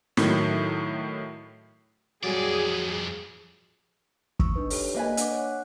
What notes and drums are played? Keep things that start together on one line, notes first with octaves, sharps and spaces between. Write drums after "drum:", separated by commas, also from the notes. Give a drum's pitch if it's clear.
A2 D#3 F#3, drum: snare
F2 F#3 G3 G#4 D5
C#6 D#6 E6, drum: kick
D4 D#4 B4
G4 A4 C#5, drum: open hi-hat
A#3 B4 D5 D#5 G#5
D4 F#5 D6, drum: hi-hat
C#5 F#5 F#6